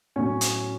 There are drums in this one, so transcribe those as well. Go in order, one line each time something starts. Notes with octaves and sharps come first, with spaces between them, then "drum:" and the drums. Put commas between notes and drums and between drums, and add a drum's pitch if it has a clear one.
A2 F#3 B3 C#4 C#5
drum: hi-hat